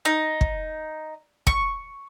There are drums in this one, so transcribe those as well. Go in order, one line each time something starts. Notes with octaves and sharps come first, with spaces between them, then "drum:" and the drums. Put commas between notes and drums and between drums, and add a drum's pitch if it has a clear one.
D#4
drum: kick
C#6, drum: kick